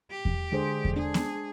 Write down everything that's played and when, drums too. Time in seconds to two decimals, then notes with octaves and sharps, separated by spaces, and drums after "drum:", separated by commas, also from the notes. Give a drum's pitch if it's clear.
0.10 G4
0.25 drum: kick E2
0.52 D3 G#3 G#4 C5
0.85 drum: kick E2
0.96 D4 G#4
1.14 drum: snare B3